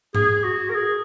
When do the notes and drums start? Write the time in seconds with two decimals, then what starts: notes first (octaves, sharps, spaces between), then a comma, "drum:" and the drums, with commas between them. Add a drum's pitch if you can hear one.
0.15 G#4, drum: tom G#2
0.44 F#4
0.70 A#4
0.74 G#4